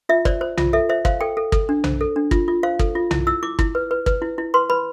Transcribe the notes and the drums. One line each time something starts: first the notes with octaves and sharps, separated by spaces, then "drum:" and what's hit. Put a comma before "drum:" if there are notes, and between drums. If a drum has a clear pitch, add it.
F4 E5
C5 D5, drum: kick
C5
F4, drum: tom B1
A4 E5
C5 E5
C5 F5, drum: kick
A4 G5
A4
A4, drum: kick
D4
C5, drum: tom B1
A4
D4
F4, drum: kick
F4
C5 F5
A4, drum: kick
F4
E4, drum: tom B1
E4 E6
E4 D6
E4, drum: kick
B4
B4
B4, drum: kick
E4
E4
B4 C6
B4 B5